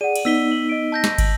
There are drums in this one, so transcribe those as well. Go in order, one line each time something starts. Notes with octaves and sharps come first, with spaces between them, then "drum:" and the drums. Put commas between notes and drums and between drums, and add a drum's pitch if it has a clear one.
G#4 D5 F#5 D#7
drum: cymbal
B3 D#4 E6 B6 G7
F#7
D#5 D7
A5 G6 A#6
drum: snare
drum: kick, cymbal